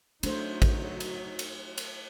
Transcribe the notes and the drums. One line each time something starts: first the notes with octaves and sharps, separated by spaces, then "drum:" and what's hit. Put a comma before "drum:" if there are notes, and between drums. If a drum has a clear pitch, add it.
F#3 A3 D4 D#4 C5, drum: cymbal
drum: kick, cymbal
drum: cymbal
drum: cymbal
drum: cymbal